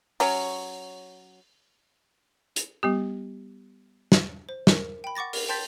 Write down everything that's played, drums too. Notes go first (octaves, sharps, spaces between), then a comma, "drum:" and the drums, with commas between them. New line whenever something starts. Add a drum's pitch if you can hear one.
F#3 C#4 C#5, drum: open hi-hat
drum: hi-hat
G3 B3 G4
drum: snare
C5
A#4, drum: snare
G5 B5
F#5 C#6 D6 A6 A#6
A#4, drum: open hi-hat
G5 A5 C6 G6 A6 B6